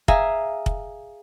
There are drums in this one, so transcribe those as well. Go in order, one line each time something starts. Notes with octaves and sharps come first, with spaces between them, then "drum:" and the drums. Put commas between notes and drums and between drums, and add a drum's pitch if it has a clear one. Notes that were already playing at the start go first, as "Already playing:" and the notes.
G#4 E5 F5 G#5 A#5, drum: kick
drum: kick